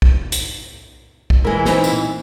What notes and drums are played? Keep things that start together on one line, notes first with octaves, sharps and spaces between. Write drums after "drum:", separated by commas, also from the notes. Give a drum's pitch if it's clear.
drum: kick
drum: hi-hat
drum: kick
A#2 E3 G#3 E4 A#4
C4 D#4, drum: snare
drum: tambourine